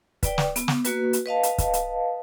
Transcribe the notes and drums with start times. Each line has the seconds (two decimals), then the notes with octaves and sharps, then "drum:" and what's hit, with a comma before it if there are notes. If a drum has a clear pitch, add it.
0.23 B4 D5 G5, drum: kick, hi-hat
0.38 drum: snare
0.56 B3, drum: hi-hat
0.68 drum: snare
0.85 A#3 F#4 B4, drum: hi-hat
1.13 drum: hi-hat
1.26 B4 D#5 F5 A5
1.43 drum: hi-hat
1.58 drum: kick, hi-hat
1.73 drum: hi-hat